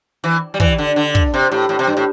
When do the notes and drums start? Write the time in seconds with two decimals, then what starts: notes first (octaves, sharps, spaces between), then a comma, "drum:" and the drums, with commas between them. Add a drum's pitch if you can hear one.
0.24 E3
0.54 G3
0.60 E3, drum: kick
0.78 D3
0.96 D3
1.15 drum: kick
1.34 C3
1.52 A2
1.69 A2
1.79 C3
1.87 G2
1.97 A2